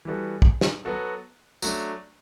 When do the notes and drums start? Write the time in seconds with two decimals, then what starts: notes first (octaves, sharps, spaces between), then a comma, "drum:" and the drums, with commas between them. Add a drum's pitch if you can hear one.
0.05 E3 G3 B3 F#4 A4
0.42 drum: kick
0.61 drum: snare
0.85 F#3 B3 F#4 A4
1.62 F#3 A3 D4, drum: tambourine